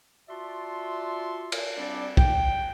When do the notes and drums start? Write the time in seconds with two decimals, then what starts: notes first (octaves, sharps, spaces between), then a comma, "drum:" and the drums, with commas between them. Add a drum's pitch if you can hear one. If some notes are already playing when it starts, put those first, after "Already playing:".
0.29 F4 F#4 D5 E5 A5 C6
1.52 drum: cymbal
1.78 G3 C4 D4 D5
2.17 G5, drum: kick